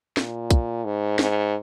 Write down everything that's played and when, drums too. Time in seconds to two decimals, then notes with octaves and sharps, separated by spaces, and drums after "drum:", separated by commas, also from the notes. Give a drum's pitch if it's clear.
0.17 A#2, drum: snare
0.51 drum: kick, hi-hat
0.85 G#2
1.19 G#2, drum: snare